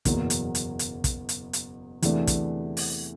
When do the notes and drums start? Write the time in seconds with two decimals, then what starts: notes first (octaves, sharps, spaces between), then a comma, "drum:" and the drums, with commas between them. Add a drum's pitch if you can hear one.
0.05 F#1 E2 B2 F#3 A#3, drum: kick, hi-hat
0.30 drum: hi-hat
0.55 drum: hi-hat
0.79 drum: hi-hat
1.04 drum: kick, hi-hat
1.29 drum: hi-hat
1.53 drum: hi-hat
2.02 E2 C3 E3 A3 D4, drum: hi-hat
2.27 drum: kick, hi-hat
2.77 drum: open hi-hat